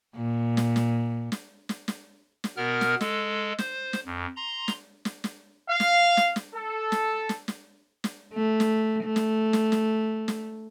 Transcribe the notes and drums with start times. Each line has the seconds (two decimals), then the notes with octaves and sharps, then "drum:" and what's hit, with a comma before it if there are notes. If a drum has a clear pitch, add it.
0.16 A#2
0.57 drum: snare
0.76 drum: snare
1.32 drum: snare
1.69 drum: snare
1.88 drum: snare
2.44 drum: snare
2.57 B2 B3 A#4 F6
2.81 drum: snare
3.01 G#3 A4, drum: snare
3.58 C5, drum: snare
3.93 drum: snare
4.06 F2
4.36 A#5 C6
4.68 drum: snare
5.05 drum: snare
5.24 drum: snare
5.69 F5
5.80 drum: snare
6.17 drum: snare
6.36 drum: snare
6.54 A4
6.92 drum: snare
7.29 drum: snare
7.48 drum: snare
8.04 drum: snare
8.34 A3
8.60 drum: snare
9.04 A3
9.16 drum: snare
9.53 drum: snare
9.72 drum: snare
10.28 drum: snare